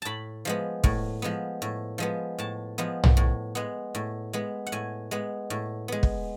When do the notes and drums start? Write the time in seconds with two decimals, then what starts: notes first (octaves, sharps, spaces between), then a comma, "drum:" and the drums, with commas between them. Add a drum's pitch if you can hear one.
0.02 A2 A5 B5
0.45 F3 G#3 B3
0.84 A2, drum: kick
1.22 F3 G#3 B3
1.62 A2
1.98 F3 G#3 B3
2.38 A2 A5
2.78 F3 G#3 B3
3.04 drum: tom
3.17 A2
3.55 G#3 B3
3.95 A2
4.33 G#3 B3
4.67 F#5
4.72 A2 G#5
5.11 G#3 B3
5.50 A2
5.88 G#3 B3
6.03 drum: kick